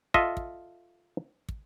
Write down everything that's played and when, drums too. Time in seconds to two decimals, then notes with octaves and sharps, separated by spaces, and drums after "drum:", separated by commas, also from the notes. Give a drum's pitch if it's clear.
0.14 F4 A4 D#5 E5, drum: kick
0.37 drum: kick
1.49 drum: kick